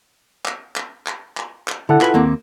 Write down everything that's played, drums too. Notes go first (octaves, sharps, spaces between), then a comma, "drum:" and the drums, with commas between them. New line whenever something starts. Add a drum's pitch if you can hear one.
drum: clap
drum: clap
drum: clap
drum: clap
drum: clap
D3 E4 A4 F#5
F4 B4 G#5, drum: clap
D#2 A#3 C4